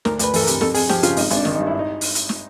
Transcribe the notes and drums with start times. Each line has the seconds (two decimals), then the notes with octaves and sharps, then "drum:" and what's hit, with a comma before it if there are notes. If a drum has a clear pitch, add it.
0.05 D2 A#4, drum: snare
0.19 D2 B4, drum: hi-hat
0.34 E3 A4, drum: open hi-hat
0.43 A#4
0.47 C3, drum: hi-hat
0.61 F2 A4, drum: snare
0.74 F2 G#4, drum: open hi-hat
0.89 F3 G4, drum: snare
1.03 C#3 F4, drum: hi-hat
1.16 G#1 D#4, drum: open hi-hat
1.30 G#1, drum: hi-hat
1.36 D4
1.45 D#3, drum: snare
1.55 G2 D#4
1.67 E4
1.79 D#4
2.01 drum: open hi-hat
2.15 drum: hi-hat
2.29 drum: snare